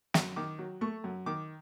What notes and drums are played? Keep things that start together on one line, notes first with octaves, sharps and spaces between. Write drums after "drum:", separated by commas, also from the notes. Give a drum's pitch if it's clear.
F#2, drum: snare
D#3 D6
F#3
A3 C#6
F#2
D#3 D6